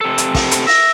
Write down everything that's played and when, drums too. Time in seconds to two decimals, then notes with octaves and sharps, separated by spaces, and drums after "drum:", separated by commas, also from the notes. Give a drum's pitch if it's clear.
0.01 C3 A4
0.18 drum: hi-hat
0.35 drum: kick, open hi-hat
0.51 drum: hi-hat
0.67 E5 A#6, drum: open hi-hat